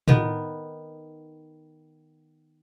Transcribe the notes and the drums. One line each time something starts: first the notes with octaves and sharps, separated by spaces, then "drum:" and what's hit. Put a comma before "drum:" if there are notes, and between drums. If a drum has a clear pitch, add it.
D#3 B3, drum: tom A2